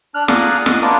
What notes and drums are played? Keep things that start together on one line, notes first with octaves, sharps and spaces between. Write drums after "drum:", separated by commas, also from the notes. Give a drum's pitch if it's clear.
D4 F6 F#6
G#4 D5 F5 F#5 A#5 D#6, drum: snare
D#5 F#5 D#6, drum: snare
A#3 B3 D4 F4 A#4 D5